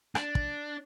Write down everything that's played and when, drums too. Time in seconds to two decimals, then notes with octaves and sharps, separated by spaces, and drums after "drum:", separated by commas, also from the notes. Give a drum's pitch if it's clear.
0.15 D4, drum: rim click
0.35 drum: kick